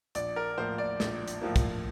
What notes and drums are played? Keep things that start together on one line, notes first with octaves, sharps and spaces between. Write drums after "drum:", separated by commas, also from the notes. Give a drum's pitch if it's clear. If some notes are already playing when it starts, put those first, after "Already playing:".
A#1 D5, drum: hi-hat
A#4
A2 F3 A#3 C5
D5
A#1, drum: snare
drum: hi-hat
A2 F3 A#3
drum: kick, hi-hat